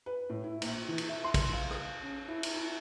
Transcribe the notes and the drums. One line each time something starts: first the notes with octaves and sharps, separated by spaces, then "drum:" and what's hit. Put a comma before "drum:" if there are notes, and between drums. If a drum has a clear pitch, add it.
B4
A2
E4
A#1, drum: cymbal
E3
drum: cymbal
E5
C6
drum: kick, cymbal
F5
drum: rim click
C#4
E4
drum: cymbal
E4